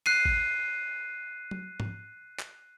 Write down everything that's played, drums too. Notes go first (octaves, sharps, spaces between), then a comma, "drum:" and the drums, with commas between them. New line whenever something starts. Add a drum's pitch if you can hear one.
F#6 C7 D#7, drum: cymbal
drum: kick A1
drum: tom F#3
drum: tom G#2
drum: clap